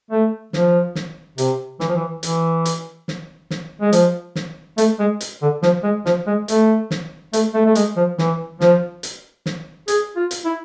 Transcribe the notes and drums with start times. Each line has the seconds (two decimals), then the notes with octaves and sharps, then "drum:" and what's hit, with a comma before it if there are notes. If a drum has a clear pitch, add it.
0.11 A3
0.53 F3, drum: snare
0.95 drum: snare
1.38 C3, drum: hi-hat
1.80 E3, drum: snare
1.88 F3
1.95 E3
2.23 E3, drum: hi-hat
2.65 drum: hi-hat
3.08 drum: snare
3.50 drum: snare
3.81 G#3
3.93 F3, drum: hi-hat
4.35 drum: snare
4.78 A3, drum: hi-hat
4.99 G#3
5.21 drum: hi-hat
5.42 D3
5.63 F3, drum: snare
5.84 G#3
6.06 F3, drum: snare
6.27 G#3
6.48 A3, drum: hi-hat
6.91 drum: snare
7.33 A3, drum: hi-hat
7.54 A3
7.65 A3
7.75 G#3, drum: hi-hat
7.96 F3
8.18 E3, drum: snare
8.61 F3, drum: snare
9.03 drum: hi-hat
9.46 drum: snare
9.88 G#4, drum: hi-hat
10.16 F4
10.31 drum: hi-hat
10.45 E4